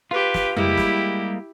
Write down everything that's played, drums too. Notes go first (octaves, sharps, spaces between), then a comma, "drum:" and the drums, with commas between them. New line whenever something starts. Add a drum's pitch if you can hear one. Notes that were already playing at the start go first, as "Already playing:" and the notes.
F4 G4 B4
drum: snare
G3 G#3 A#3 E4 G4, drum: tom F2
drum: snare